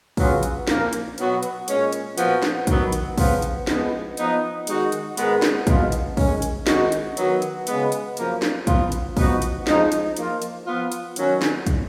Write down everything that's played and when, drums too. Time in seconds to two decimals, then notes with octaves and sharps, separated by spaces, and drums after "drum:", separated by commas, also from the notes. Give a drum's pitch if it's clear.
0.17 C#3 F#3 B3 F4, drum: kick, open hi-hat
0.43 drum: hi-hat
0.67 A#2 F3 A#3, drum: snare
0.93 drum: hi-hat
1.18 B2 F#3 B3 F#4, drum: hi-hat
1.43 drum: hi-hat
1.68 A#2 G#3 C#4, drum: hi-hat
1.93 drum: hi-hat
2.18 A#2 F3 B3 F#4, drum: hi-hat
2.42 drum: snare
2.67 D#3 F#3 B3, drum: kick, hi-hat
2.92 drum: hi-hat
3.18 C#3 F3 B3 F4, drum: kick, open hi-hat
3.42 drum: hi-hat
3.67 F3 G#3 B3, drum: snare
4.17 F3 B3 D#4, drum: hi-hat
4.67 D#3 G#3 D#4 F#4, drum: hi-hat
4.92 drum: hi-hat
5.17 G#2 D#3 G#3 B3, drum: hi-hat
5.42 drum: snare
5.67 B2 G#3 B3 F4, drum: kick, hi-hat
5.92 drum: hi-hat
6.17 D#3 G#3 C#4, drum: kick, open hi-hat
6.42 drum: hi-hat
6.67 D#3 G#3 D#4 F#4, drum: snare
6.92 drum: hi-hat
7.17 D#3 F#3 B3 F#4, drum: hi-hat
7.42 drum: hi-hat
7.67 C#3 G#3 B3, drum: hi-hat
7.92 drum: hi-hat
8.17 F#2 F3 A#3, drum: hi-hat
8.42 drum: snare
8.67 F3 B3 F4, drum: kick, hi-hat
8.92 drum: hi-hat
9.17 F3 B3 D#4 F#4, drum: kick, open hi-hat
9.42 drum: hi-hat
9.67 F3 G#3 D#4, drum: snare
9.92 drum: hi-hat
10.17 F3 A#3 F4, drum: hi-hat
10.42 drum: hi-hat
10.66 F3 B3 F4
10.92 drum: hi-hat
11.16 D#3 F#3 C#4 F#4, drum: hi-hat
11.42 drum: snare
11.67 drum: kick, hi-hat